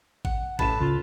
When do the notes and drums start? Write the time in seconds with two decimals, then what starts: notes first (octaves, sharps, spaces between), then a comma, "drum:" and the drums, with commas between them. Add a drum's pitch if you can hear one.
0.25 F#5, drum: kick G#1
0.59 F#2 A2 B4 A5 E7, drum: kick G#1
0.80 C#2 F4